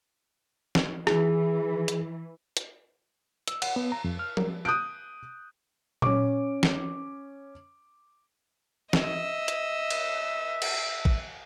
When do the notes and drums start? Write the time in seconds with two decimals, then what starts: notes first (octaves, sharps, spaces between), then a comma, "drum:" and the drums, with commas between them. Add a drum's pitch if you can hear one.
0.75 drum: snare
1.07 E3 G#4, drum: rim click
1.88 drum: hi-hat
2.57 drum: hi-hat
3.48 E6, drum: hi-hat
3.62 F#5, drum: cymbal
3.76 B3
3.92 A#5
4.04 F2
4.19 F6
4.37 A#4, drum: tom F3
4.65 D#6 F#6 G6 D7
6.02 C#4 D6, drum: tom A#2
6.63 drum: snare
8.93 D#5 E5 E6, drum: snare
9.48 drum: hi-hat
9.90 drum: cymbal
10.62 drum: cymbal
11.05 drum: kick A1